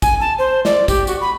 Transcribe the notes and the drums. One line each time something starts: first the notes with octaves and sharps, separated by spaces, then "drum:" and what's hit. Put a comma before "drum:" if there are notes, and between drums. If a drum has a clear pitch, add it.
G#5, drum: kick G#1, tambourine
A5
C5
D5, drum: snare
G4, drum: kick G#1, tambourine
F#4, drum: tambourine
B5